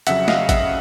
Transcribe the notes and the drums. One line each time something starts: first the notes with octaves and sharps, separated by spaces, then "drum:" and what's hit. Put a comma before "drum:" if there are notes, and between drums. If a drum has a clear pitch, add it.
F2 C#3 F#3 E5 F#5, drum: hi-hat
D#5 F5, drum: snare
E5 F#5, drum: kick A1, hi-hat